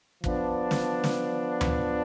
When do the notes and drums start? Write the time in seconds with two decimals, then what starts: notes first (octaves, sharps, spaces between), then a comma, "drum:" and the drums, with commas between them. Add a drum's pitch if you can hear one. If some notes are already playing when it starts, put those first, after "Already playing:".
0.24 F3 B3 D4, drum: kick
0.71 drum: snare
1.04 drum: snare
1.61 drum: tom D2